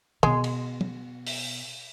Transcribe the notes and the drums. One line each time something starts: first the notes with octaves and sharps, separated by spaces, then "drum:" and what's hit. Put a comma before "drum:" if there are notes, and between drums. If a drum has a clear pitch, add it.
B2 G#3, drum: tom
drum: cymbal
drum: tom
drum: open hi-hat